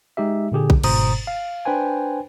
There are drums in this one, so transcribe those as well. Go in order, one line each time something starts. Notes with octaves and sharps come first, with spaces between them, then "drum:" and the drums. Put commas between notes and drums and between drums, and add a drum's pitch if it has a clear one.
G#3 D#4 G4 E5
A#2 D3 G4 G#4
drum: kick A#1
G1 G#2 B2 C5 A#5 D#6, drum: cymbal
F5
D4 B4 C5 G5 G#5